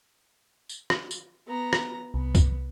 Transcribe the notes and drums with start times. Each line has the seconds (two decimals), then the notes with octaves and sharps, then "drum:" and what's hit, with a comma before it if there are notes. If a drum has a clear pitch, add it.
0.69 drum: tambourine
0.90 drum: rim click
1.11 drum: tambourine
1.47 B3 A#5
1.73 drum: rim click
2.14 C2 B3
2.35 drum: kick, tambourine